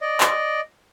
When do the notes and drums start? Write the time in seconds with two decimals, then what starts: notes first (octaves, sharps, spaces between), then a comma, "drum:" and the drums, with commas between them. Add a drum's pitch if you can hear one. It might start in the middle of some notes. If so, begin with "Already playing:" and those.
0.01 D5 D#5
0.20 drum: clap